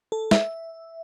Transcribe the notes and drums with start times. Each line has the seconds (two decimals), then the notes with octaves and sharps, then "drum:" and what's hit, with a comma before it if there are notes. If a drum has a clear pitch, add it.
0.12 A4
0.31 E5, drum: snare